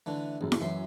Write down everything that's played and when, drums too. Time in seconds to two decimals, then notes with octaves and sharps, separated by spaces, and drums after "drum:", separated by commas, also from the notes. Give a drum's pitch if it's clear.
0.06 D3 E3 A3
0.41 A1 F#2 C#3
0.52 drum: snare E4
0.61 F#2 E3 F#3 E5 C6